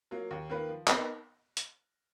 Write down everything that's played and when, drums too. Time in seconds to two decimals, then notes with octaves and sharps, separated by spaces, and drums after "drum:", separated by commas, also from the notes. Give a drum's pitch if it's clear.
0.11 F#3 A#3 F4
0.31 D#2
0.50 D#3 A#3 F4 B4
0.69 F3
0.88 B3 D#4 A#4 D#5, drum: clap
1.57 drum: hi-hat